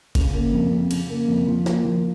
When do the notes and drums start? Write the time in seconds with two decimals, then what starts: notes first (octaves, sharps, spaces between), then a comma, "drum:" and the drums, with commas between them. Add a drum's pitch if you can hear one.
0.15 C#3, drum: kick F#1, cymbal
0.34 A#3
0.53 F2
0.72 F2
0.91 C#3, drum: cymbal
1.10 A#3
1.28 F2
1.47 F3
1.66 A#3, drum: snare
1.85 F3